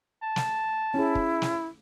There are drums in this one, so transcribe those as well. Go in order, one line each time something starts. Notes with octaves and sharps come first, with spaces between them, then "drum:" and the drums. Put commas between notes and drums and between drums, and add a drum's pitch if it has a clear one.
A5
drum: snare
C#4 E4 G#4
drum: kick
drum: snare